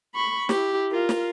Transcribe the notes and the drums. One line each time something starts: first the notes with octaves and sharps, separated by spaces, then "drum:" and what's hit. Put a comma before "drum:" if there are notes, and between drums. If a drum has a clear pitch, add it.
B5 C#6
E4 G4, drum: snare
F4 A#4
drum: snare